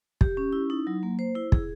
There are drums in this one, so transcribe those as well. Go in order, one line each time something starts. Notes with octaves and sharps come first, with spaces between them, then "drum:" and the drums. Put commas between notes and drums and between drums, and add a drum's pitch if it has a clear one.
G4, drum: kick
C#4
E4
D#4
F#3
A#3
C5
E4
G#4, drum: kick